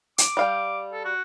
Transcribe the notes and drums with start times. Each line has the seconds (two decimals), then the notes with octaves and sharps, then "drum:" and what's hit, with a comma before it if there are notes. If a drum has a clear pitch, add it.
0.18 D6, drum: hi-hat
0.37 G3 F5 G5
0.92 A4
1.05 F#4